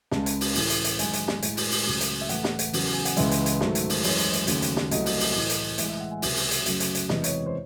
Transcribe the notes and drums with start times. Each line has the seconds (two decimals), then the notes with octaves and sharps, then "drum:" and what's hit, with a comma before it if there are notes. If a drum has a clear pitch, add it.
0.11 C#2 C#3 G#3 A5, drum: snare
0.26 drum: hi-hat
0.41 drum: open hi-hat
0.55 A2 E3 A3, drum: open hi-hat
0.70 drum: hi-hat
0.84 drum: hi-hat
0.99 F#2 D#3 G#3 G#5, drum: hi-hat
1.13 drum: hi-hat
1.28 drum: snare
1.42 A2 G#3, drum: hi-hat
1.57 drum: open hi-hat
1.72 drum: open hi-hat
1.86 C#2 C#3 F#3 A3
2.01 drum: hi-hat
2.21 E5
2.29 A2 E3 A3 F#5, drum: hi-hat
2.44 drum: snare
2.59 drum: hi-hat
2.73 E2 C#3 F#3 A3, drum: open hi-hat
2.93 G#5
3.05 F#5, drum: hi-hat
3.17 C#2 C#3 E3 G#3 E5, drum: hi-hat
3.31 drum: hi-hat
3.46 drum: hi-hat
3.61 G#2 D#3 F#3 A3, drum: snare
3.75 drum: hi-hat
3.90 drum: open hi-hat
4.04 F#2 E3 G#3 C#5, drum: open hi-hat
4.19 drum: hi-hat
4.33 drum: hi-hat
4.47 D#2 C#3 F#3 A3, drum: hi-hat
4.62 drum: hi-hat
4.77 drum: snare
4.91 C2 C3 F#3 A3 D#5, drum: hi-hat
5.06 drum: open hi-hat
5.20 drum: open hi-hat
5.35 A2 E3 A3
5.49 drum: hi-hat
5.78 A2 E3 G#3 E5, drum: hi-hat
5.89 E5
6.01 F#5
6.11 G#5
6.22 C#2 C3 F#3 E5, drum: open hi-hat
6.37 drum: open hi-hat
6.51 drum: hi-hat
6.66 F#2 C#3 F#3 A3, drum: hi-hat
6.80 drum: hi-hat
6.95 drum: hi-hat
7.09 E2 C3 E3 G#3 D#5, drum: snare
7.24 C#5, drum: hi-hat
7.46 C5